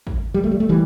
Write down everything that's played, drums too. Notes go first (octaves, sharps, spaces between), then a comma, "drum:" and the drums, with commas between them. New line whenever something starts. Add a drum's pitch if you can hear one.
drum: kick
G3
A3
G3
A3
E3 G3